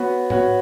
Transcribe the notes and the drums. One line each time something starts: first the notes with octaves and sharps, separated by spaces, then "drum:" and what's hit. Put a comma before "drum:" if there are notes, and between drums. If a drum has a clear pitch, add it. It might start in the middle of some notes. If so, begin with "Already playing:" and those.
Already playing: B3 F#4 C#5
B3 F#4 C#5, drum: tom G#2